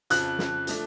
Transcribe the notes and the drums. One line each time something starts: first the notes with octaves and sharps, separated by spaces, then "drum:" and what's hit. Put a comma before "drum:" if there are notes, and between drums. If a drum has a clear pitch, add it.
F2 C#3 F3 F#6, drum: hi-hat
drum: snare
F3 A3 D4, drum: hi-hat